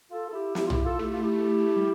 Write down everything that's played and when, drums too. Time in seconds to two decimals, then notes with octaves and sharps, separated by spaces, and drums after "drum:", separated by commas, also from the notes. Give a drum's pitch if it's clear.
0.11 F4 A4
0.29 A4
0.33 E4 G4
0.55 E4 G4, drum: snare
0.65 F4
0.70 E4 G4, drum: tom
0.84 F4 A4
0.99 A3 E4 G4
1.12 F4
1.21 E4 G4
1.76 G3